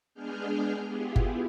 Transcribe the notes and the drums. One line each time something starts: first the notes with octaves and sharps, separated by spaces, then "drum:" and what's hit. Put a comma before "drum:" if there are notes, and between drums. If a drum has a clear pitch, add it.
G#3 B3 D4 G#4 F6 G6
B3 E4 F4 G4 G#4
drum: kick G1